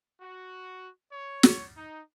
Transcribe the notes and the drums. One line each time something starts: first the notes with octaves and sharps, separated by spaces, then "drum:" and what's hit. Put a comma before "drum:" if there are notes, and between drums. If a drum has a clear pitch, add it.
F#4
C#5
drum: snare
D#4